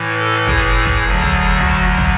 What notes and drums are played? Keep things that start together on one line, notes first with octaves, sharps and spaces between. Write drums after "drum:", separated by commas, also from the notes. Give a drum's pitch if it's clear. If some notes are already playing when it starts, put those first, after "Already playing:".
Already playing: A2 E3
A4
G#4, drum: kick
drum: kick
D2 D3 F#3
drum: kick
F#4, drum: kick
drum: kick